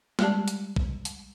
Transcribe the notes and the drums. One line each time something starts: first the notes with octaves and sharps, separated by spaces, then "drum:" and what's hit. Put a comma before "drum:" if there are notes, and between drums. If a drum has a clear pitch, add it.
G3 G#3 G4 D5 A5, drum: snare
drum: hi-hat
drum: kick A#1
drum: hi-hat